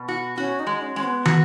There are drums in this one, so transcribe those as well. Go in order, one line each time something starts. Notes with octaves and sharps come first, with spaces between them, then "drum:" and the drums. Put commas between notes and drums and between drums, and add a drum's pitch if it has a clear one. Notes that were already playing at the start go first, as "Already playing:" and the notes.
Already playing: B2
F#4
C#4 F#4
D#4
G#3
C#4
G#3 C#4
B3
F#4, drum: tom